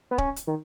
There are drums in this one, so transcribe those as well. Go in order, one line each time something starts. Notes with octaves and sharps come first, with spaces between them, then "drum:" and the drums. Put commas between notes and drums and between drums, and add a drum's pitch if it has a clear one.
B3
C#4, drum: kick D1
drum: hi-hat
D#3